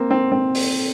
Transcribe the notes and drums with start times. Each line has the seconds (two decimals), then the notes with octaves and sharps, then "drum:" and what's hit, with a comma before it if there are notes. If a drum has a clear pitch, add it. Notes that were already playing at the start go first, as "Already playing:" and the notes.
Already playing: A#3 C4
0.11 C4
0.32 C4
0.55 drum: open hi-hat